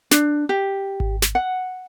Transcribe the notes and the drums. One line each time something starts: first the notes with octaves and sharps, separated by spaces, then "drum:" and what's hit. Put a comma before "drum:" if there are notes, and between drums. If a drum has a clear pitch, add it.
D4, drum: snare
G4
drum: kick G#1
drum: snare
F#5